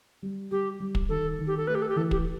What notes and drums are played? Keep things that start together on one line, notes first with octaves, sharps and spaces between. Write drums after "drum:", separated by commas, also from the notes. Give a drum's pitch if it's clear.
G3
G3 G4
G3
drum: kick
D#3 A4
D#3
G4
A4
A3 B4
G4
A4
G4
E3 A4
G4, drum: kick